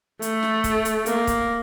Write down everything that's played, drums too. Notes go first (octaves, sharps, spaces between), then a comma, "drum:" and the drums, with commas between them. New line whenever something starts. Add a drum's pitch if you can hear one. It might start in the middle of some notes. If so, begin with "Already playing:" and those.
A3, drum: hi-hat
drum: snare
drum: kick, hi-hat
drum: hi-hat
A#3, drum: hi-hat
drum: kick, hi-hat